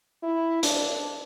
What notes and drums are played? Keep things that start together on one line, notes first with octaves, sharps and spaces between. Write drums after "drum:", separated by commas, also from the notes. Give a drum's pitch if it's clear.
E4
D4, drum: hi-hat